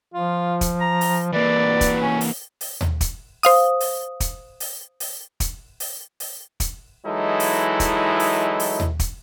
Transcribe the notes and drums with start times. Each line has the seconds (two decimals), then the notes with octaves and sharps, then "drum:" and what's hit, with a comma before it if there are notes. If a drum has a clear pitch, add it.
0.14 F3 F4
0.61 drum: kick, hi-hat
0.81 A#5
1.01 drum: open hi-hat
1.33 E3 A#3 B4 D5
1.81 drum: kick, hi-hat
2.01 C#4
2.21 drum: open hi-hat
2.61 drum: open hi-hat
2.81 drum: tom D#2
3.01 drum: kick, hi-hat
3.43 C5 F5 D#6, drum: open hi-hat
3.80 drum: open hi-hat
4.20 drum: kick, hi-hat
4.60 drum: open hi-hat
5.00 drum: open hi-hat
5.40 drum: kick, hi-hat
5.80 drum: open hi-hat
6.20 drum: open hi-hat
6.60 drum: kick, hi-hat
7.05 E3 F#3 G#3 D#4 E4 A4
7.40 drum: open hi-hat
7.80 drum: kick, hi-hat
8.20 drum: open hi-hat
8.60 drum: open hi-hat
8.80 drum: tom D#2
8.99 drum: kick, hi-hat